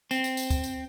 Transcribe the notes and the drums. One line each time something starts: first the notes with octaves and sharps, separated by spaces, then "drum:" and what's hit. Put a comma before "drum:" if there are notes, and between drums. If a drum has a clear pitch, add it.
C4, drum: tambourine
drum: tambourine
drum: tambourine
drum: kick, tambourine
drum: tambourine